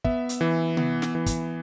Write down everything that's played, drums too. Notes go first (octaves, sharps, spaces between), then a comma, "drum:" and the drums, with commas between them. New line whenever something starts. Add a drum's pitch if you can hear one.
B3 E5, drum: kick
drum: hi-hat
E3
B3, drum: tom C3
drum: snare
E3
drum: kick, hi-hat